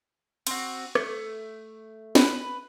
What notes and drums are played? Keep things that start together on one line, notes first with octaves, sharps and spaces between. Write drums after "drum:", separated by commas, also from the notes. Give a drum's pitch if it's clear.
C4 F#4, drum: cymbal
A3, drum: rim click
B4, drum: snare